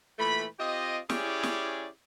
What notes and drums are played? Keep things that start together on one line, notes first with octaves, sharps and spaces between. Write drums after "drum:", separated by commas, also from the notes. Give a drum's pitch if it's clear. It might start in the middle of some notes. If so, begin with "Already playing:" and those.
A#2 E3 A3 B5
C4 F4 G4 D#5
C#4 E4 G4 G#4 C#5 D5, drum: snare
drum: snare